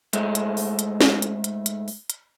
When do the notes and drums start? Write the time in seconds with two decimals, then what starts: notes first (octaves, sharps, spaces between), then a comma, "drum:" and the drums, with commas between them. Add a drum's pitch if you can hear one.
0.13 G#2 G#3 A3, drum: hi-hat
0.35 drum: hi-hat
0.57 drum: open hi-hat
0.79 drum: hi-hat
1.01 drum: snare
1.22 drum: hi-hat
1.44 drum: hi-hat
1.66 drum: hi-hat
1.88 drum: open hi-hat
2.10 drum: hi-hat